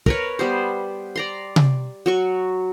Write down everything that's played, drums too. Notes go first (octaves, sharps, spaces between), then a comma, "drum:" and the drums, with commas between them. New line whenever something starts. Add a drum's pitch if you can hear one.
A#4 B4 C#5, drum: kick
G3 B3 C5
D5 A#5 C6
drum: tom C3
F#3 F#4 C#6